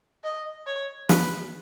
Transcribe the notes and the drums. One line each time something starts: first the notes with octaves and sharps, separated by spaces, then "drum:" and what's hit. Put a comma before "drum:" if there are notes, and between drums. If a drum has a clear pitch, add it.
D#5
C#5
B4, drum: snare